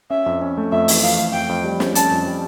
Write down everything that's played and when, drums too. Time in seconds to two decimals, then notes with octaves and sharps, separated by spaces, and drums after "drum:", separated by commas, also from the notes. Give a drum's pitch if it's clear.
0.10 C#4 E5
0.26 F2
0.42 C#4
0.58 A3
0.72 F2 E5
0.88 E3, drum: open hi-hat
1.03 F2 F5
1.18 A3
1.34 F2 G5
1.49 F2
1.64 G3
1.80 C#4, drum: snare
1.95 C#4 A5, drum: hi-hat
2.11 F2
2.26 G3